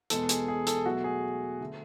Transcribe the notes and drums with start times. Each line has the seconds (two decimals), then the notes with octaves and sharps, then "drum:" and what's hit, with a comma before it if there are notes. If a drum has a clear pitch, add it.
0.10 E2 B2 G#3 A4, drum: hi-hat
0.29 G#4, drum: hi-hat
0.48 G#4
0.67 A4, drum: hi-hat
0.86 B2 F#3 A3 F#4
1.04 G#4
1.60 D3 A3